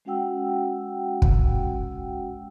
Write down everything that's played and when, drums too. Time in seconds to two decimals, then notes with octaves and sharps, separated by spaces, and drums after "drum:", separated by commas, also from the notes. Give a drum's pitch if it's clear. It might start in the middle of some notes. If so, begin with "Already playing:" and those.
0.05 G#3 C#4 F#4 F#5 G5 E6
1.22 drum: kick